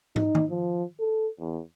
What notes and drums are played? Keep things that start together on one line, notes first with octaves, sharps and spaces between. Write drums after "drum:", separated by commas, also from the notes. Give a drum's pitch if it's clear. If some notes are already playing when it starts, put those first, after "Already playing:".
D#4, drum: tom
drum: tom D#3
F3
A4
E2